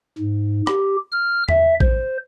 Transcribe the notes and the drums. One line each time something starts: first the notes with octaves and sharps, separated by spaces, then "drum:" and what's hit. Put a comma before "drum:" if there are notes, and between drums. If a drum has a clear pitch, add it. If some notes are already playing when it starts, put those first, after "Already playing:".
G#2
G4, drum: rim click
F6
E5, drum: tom E2
C5, drum: kick